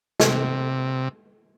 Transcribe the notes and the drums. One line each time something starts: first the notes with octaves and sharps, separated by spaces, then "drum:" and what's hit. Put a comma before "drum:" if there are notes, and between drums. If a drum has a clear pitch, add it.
C3, drum: snare